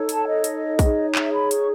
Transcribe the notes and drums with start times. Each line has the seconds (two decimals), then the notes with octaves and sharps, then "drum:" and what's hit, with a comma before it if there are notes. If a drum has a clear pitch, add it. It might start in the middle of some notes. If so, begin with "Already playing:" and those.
Already playing: D#4 A4 C#5
0.09 A5, drum: hi-hat
0.26 D#5
0.44 drum: hi-hat
0.79 D#4 G#4 C#5, drum: kick, hi-hat
1.15 E5, drum: clap
1.33 B5
1.51 C#6, drum: hi-hat